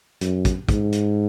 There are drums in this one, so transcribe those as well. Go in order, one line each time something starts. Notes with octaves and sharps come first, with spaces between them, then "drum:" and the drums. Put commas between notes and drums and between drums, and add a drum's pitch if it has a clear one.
F#2, drum: hi-hat
drum: kick, hi-hat
G#2, drum: kick, hi-hat
drum: hi-hat